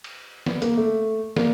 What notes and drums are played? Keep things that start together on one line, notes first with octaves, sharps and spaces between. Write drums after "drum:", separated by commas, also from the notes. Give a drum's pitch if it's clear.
drum: cymbal
B3, drum: snare
A#3, drum: hi-hat
A3
A#3, drum: snare